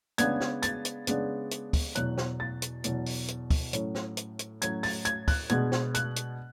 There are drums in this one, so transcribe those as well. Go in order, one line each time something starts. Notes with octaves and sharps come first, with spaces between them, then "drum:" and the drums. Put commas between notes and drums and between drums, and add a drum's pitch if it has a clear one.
C#3 G#3 B3 D4 G#6, drum: hi-hat
drum: snare
A6, drum: hi-hat
drum: hi-hat
C#3 G#3 B3 D4, drum: hi-hat
drum: hi-hat
drum: kick, open hi-hat
E2 B2 F#3 F#6, drum: hi-hat
drum: snare
A6
drum: hi-hat
E2 B2 F#3, drum: hi-hat
drum: open hi-hat
drum: hi-hat
drum: kick, open hi-hat
A2 F#3 C#4, drum: hi-hat
drum: snare
drum: hi-hat
drum: hi-hat
A2 F#3 C#4 G#6, drum: hi-hat
A6, drum: open hi-hat
G#6, drum: hi-hat
F#6, drum: kick, open hi-hat
B2 G#3 B3 D4 G#6, drum: hi-hat
drum: snare
F#6, drum: hi-hat
drum: hi-hat